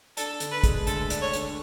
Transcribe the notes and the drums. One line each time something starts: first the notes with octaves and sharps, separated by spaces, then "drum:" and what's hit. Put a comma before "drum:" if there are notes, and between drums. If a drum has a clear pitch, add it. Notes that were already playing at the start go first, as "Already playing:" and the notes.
D4 A4, drum: hi-hat
D3, drum: hi-hat
B4
G#3, drum: kick, hi-hat
D2 A4, drum: hi-hat
D4, drum: hi-hat
C#5
D3, drum: hi-hat